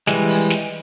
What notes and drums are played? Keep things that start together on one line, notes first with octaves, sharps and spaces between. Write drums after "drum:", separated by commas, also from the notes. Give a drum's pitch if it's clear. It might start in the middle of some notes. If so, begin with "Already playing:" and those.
E3 G3 G#3, drum: snare
drum: open hi-hat
drum: snare